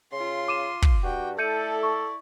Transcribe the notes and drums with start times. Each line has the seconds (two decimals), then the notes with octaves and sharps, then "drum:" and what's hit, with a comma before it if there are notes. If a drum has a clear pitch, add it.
0.12 C#3 F4 C6
0.48 D6 D#7 E7
0.82 drum: kick
1.04 G2 F#4 G5
1.39 A3 E4 A4 D5 G6 C#7 D#7
1.83 C#6